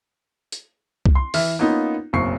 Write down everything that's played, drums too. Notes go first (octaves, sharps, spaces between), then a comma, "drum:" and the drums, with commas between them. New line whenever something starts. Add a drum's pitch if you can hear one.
drum: hi-hat
drum: kick C2
C6
E3 E5 F6, drum: open hi-hat
A#3 B3 C#4 D#4 F4
F#1 B1 C4 C#6 C7